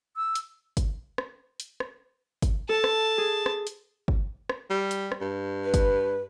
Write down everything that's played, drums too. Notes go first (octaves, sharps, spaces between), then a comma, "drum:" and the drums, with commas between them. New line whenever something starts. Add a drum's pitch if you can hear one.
E6
drum: hi-hat
drum: kick G1, hi-hat
drum: rim click
drum: hi-hat
drum: rim click
drum: kick G1, hi-hat
A4 A5
drum: rim click
G#4
drum: rim click
drum: hi-hat
drum: kick G1
drum: rim click
G3
drum: hi-hat
drum: rim click
G2
B4
drum: kick G1, hi-hat